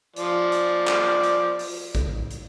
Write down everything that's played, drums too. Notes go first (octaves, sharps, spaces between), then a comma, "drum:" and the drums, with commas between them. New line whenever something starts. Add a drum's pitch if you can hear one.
F3 D5, drum: hi-hat
drum: hi-hat
drum: clap
drum: hi-hat
drum: open hi-hat
drum: kick A1, hi-hat
drum: hi-hat